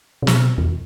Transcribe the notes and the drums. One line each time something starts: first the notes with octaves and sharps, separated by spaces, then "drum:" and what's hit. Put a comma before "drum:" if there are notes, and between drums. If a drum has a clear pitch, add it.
C3
B2, drum: snare
E2